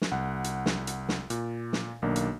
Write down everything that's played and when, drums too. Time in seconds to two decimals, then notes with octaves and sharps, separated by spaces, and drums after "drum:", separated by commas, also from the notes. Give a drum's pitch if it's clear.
0.02 drum: snare
0.12 C2 F#5
0.44 drum: hi-hat
0.66 drum: snare
0.87 drum: hi-hat
1.09 drum: snare
1.30 A#2, drum: hi-hat
1.73 drum: snare
2.02 B1 D#3 A#3 D4
2.16 drum: hi-hat